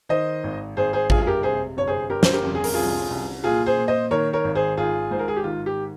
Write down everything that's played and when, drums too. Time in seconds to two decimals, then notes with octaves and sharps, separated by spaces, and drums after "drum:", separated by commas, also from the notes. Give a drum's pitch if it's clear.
0.09 D#3 C5 D#5
0.44 G#1
0.77 G#1 G#4 C5
0.93 G#4 C5
1.10 G2 F4 G#4, drum: kick A1
1.21 G#4
1.27 G4 A#4
1.43 C3 G#4 C5
1.77 G1 C#5
1.88 G#4 C5
2.10 G1 G4 A#4
2.23 C5, drum: snare
2.33 G4 A#4
2.43 F2
2.55 G#4
2.64 A#4, drum: open hi-hat
2.74 C2 F4 G#4
3.10 C2
3.44 A#2 F4 G#4
3.66 G#4 C5
3.77 A#2
3.88 C5 D#5
4.11 D#3 A#4 C#5
4.33 A#4 C#5
4.44 G#1
4.55 G#4 C5
4.77 G#1 F4 G#4
5.11 G#2 C5
5.19 A#4
5.28 G#4
5.36 G4
5.44 D#3 F4
5.66 G4